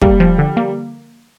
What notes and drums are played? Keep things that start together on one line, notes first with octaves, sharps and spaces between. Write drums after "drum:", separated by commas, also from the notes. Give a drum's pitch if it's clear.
G3 A#3, drum: kick
F3
D3
A#3